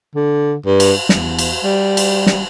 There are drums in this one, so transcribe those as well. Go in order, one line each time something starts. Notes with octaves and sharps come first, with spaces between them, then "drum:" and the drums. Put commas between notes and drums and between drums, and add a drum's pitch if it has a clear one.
D3
G2
drum: cymbal
E2, drum: snare
drum: cymbal
G3
drum: cymbal
drum: snare